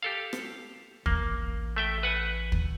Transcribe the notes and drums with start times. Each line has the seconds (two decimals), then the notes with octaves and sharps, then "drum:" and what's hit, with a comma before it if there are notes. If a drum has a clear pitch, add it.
0.03 G4 A4 F5
0.33 drum: rim click
1.06 A1 A#3, drum: kick
1.76 A3 E5 G5
2.03 B4 F#5 G#5
2.52 drum: kick